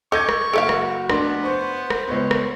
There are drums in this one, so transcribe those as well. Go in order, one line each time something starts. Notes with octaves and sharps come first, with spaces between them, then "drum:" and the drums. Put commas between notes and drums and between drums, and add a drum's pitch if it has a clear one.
A4 D#5 C#6 D6 G6 G#6
drum: rim click
F#1 F#4 A4 E5 F5 D7
drum: rim click
F1 B3 D4 C6, drum: rim click
C5 C#6
drum: rim click
C#2 B3 C#5
drum: rim click